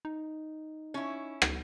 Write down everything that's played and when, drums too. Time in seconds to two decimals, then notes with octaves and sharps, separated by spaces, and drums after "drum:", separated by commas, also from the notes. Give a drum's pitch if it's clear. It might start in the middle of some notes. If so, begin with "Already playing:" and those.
0.05 D#4
0.94 C#4 E4
1.42 drum: rim click